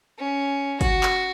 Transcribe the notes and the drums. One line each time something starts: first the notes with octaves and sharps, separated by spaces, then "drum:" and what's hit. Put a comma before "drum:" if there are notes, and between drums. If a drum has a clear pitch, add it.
C#4
F#4, drum: kick, hi-hat
drum: clap